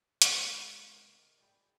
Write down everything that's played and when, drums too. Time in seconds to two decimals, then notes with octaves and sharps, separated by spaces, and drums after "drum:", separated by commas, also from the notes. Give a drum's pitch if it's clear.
0.22 G#3 B3, drum: hi-hat
0.86 C3 D#4 A#4
1.38 F#4 G#4 D5 G5 B5